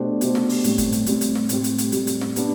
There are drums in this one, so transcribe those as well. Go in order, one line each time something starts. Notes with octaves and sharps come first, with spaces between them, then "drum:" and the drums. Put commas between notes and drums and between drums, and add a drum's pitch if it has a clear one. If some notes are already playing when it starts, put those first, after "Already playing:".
Already playing: B2 A3 D4 G4 C5
B2 A3 D4 G4 C5, drum: hi-hat
drum: snare
drum: open hi-hat
A2 G3 C4, drum: hi-hat
drum: kick G1, hi-hat
drum: hi-hat
A2 G3 C4, drum: hi-hat
drum: hi-hat
drum: snare
A2 G3 C4 G4, drum: hi-hat
drum: hi-hat
drum: hi-hat
A2 G3 C4 G4, drum: hi-hat
drum: hi-hat
drum: snare
G3 B3 D4, drum: hi-hat